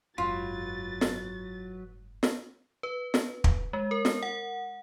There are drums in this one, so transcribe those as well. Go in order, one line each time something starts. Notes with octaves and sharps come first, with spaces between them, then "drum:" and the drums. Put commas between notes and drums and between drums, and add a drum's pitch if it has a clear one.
F#1 G#2 F#3 F4 B4 A6
drum: snare
drum: snare
B4
drum: snare
drum: kick
G#3
A#4
drum: snare
F#5